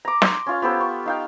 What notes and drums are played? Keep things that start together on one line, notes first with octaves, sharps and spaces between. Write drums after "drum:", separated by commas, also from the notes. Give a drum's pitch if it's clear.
A#5 D6
C6, drum: snare
C#4 F4 F5
B3 G4 A4 C5
C#6
D#4 F5 G5